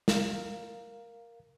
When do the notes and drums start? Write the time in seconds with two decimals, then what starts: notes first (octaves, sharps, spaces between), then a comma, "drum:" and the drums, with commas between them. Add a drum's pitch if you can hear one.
0.08 A#4 F5, drum: snare